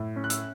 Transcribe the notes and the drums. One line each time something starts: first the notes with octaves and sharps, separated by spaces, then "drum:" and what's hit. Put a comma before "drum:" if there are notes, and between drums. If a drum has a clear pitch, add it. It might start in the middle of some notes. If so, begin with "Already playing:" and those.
Already playing: A2
C#4
F#6
E6, drum: hi-hat